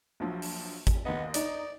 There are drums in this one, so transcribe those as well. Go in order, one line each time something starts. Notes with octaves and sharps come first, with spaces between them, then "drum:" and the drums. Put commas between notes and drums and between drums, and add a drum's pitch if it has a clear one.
A#1 F3 F#3
drum: open hi-hat
drum: kick G#1, hi-hat
D#2 B3 D#5
D#4 D5 D#5, drum: hi-hat